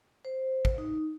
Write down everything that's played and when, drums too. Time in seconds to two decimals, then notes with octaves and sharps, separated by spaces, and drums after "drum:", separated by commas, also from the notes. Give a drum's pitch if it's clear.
0.25 C5
0.65 drum: kick
0.78 D#4